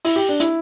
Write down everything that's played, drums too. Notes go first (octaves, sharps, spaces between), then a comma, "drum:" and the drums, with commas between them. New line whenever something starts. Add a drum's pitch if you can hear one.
E4, drum: open hi-hat
G4
D4
E4, drum: hi-hat